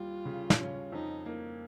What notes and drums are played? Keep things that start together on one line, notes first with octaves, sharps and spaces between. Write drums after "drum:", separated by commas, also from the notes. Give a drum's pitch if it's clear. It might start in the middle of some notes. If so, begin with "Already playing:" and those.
Already playing: D#2 G3 F4
C#3
drum: snare
C#4
F2 D#4
A#3